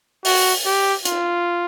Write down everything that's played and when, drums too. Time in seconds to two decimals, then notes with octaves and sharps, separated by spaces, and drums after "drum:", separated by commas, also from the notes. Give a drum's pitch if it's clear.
0.25 F#4, drum: open hi-hat
0.66 G4
1.05 F4, drum: hi-hat